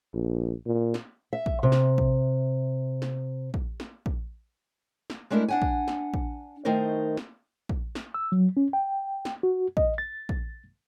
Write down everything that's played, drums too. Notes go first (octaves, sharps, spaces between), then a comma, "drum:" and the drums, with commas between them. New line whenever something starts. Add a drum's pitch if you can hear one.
A#1
A#2
drum: snare
E5
drum: kick
C3
drum: snare
drum: kick
drum: snare
drum: kick
drum: snare
drum: kick
drum: snare
G#3 A3 D4 E4 A#4
D4 F#5 G#5
drum: kick
drum: snare
drum: kick
D#3 A3 D#4 A#4 C5
drum: snare
drum: kick
drum: snare
E6
F#3
C#4
G5
drum: snare
F#4
D#5, drum: kick
A6
drum: kick